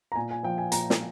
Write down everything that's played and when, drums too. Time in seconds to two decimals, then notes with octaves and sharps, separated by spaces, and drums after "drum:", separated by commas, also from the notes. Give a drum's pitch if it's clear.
0.12 A#5
0.16 A#2 G#5
0.31 G#5
0.43 F3 G5
0.58 G#5
0.72 A#2 A#5, drum: hi-hat
0.90 drum: snare